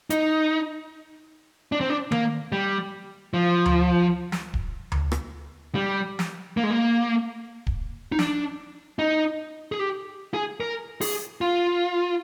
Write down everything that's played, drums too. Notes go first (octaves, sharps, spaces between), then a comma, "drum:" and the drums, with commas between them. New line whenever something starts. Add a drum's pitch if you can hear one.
D#4, drum: hi-hat
D4
C4
D4
A#3, drum: tom D#3
G3
F3
drum: tom D2
drum: snare
drum: kick D1
drum: tom D2
drum: rim click
G3
drum: snare
A#3
G#3
A#3
drum: kick D1
D#4
D4, drum: snare
D#4
G#4
G4
G#4
A#4
G#4, drum: open hi-hat
F4